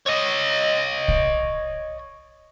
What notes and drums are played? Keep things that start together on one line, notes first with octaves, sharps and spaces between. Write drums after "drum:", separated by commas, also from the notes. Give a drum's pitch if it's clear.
C#5 D#5
drum: kick B1